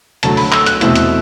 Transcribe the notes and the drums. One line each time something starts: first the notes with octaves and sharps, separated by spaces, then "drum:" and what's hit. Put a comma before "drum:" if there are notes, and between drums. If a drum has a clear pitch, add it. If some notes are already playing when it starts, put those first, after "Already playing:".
D2 D3 F#3 A3 A5, drum: hi-hat
B5, drum: open hi-hat
E6, drum: clap
F#6, drum: hi-hat
E2 B2 A3 C4 E4, drum: hi-hat
drum: hi-hat